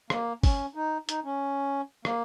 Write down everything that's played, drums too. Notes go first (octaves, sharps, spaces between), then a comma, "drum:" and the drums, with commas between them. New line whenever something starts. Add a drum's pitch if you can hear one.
A#3, drum: rim click
C#4, drum: kick G1, open hi-hat
D#4
D#4, drum: hi-hat
C#4
A#3, drum: rim click